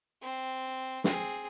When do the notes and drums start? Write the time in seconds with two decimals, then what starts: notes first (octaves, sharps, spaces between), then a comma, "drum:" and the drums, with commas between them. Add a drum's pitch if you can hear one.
0.22 C4
1.04 C4 G#4, drum: snare